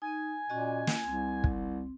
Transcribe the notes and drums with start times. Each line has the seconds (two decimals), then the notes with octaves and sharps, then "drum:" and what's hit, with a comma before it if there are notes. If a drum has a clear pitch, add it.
0.02 D#4 G#5
0.50 A#2 C#4 F#4 D#5
0.87 drum: snare
1.05 C2 C4
1.44 drum: kick